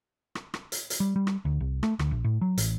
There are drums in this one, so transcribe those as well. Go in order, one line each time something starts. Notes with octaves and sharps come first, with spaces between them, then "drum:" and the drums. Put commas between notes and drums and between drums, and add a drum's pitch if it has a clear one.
drum: rim click
drum: rim click
drum: hi-hat
drum: hi-hat
G3
G3
drum: rim click
D2
C2
A3, drum: rim click
D2, drum: rim click
A#1
A2
F#3
A1, drum: hi-hat